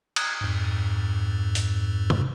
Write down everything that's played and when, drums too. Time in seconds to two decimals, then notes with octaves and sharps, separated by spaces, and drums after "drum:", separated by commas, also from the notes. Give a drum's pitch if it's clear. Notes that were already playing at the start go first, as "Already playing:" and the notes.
0.16 D#6 F#6 G#6, drum: cymbal
0.41 F2 G#2
1.55 drum: hi-hat
2.10 drum: tom C3